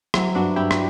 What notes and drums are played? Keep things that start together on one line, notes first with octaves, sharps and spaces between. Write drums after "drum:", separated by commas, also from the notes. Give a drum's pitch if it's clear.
F#3 C4 E4, drum: rim click
G2 D4 F#4
G2 E4 G4
drum: rim click